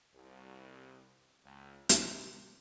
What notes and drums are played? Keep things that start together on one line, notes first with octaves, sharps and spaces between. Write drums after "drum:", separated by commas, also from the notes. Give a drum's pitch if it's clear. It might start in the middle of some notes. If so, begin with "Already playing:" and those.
C2
C#2
C3, drum: hi-hat